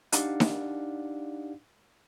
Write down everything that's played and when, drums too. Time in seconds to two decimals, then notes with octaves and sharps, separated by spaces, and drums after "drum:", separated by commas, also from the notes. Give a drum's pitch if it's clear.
0.12 D4 D#4 G4 D5 F5 F#5, drum: hi-hat
0.40 drum: snare D#4